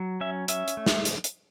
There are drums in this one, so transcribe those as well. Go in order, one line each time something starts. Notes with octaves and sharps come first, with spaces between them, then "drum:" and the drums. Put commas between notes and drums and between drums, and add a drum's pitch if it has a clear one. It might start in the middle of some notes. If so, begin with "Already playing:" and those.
Already playing: F#3
C#4 E5
C#4 E5, drum: hi-hat
drum: hi-hat
A3
drum: snare
drum: hi-hat
drum: hi-hat